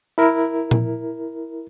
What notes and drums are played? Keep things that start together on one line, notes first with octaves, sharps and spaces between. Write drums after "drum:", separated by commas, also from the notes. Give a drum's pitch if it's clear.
E4 A#4
drum: tom A#2